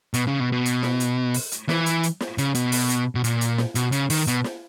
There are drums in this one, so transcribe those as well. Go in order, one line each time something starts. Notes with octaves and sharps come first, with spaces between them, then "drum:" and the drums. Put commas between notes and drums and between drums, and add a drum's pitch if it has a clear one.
B2, drum: hi-hat
C#3
B2
B2
drum: hi-hat
drum: snare
drum: hi-hat
drum: open hi-hat
drum: hi-hat
E3, drum: snare
drum: hi-hat
drum: hi-hat
drum: snare
C#3, drum: hi-hat
B2, drum: hi-hat
drum: open hi-hat
drum: hi-hat
B2
A#2, drum: hi-hat
drum: hi-hat
drum: snare
B2, drum: hi-hat
C#3, drum: hi-hat
D#3, drum: open hi-hat
B2, drum: hi-hat
drum: snare